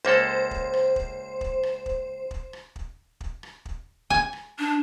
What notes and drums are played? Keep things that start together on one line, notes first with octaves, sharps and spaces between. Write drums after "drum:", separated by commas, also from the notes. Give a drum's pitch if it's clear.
C#2 A#3 A4 C5
drum: kick
drum: rim click
drum: kick
drum: kick
drum: rim click
drum: kick
drum: kick
drum: rim click
drum: kick
drum: kick
drum: rim click
drum: kick
G#5, drum: kick
drum: rim click
D4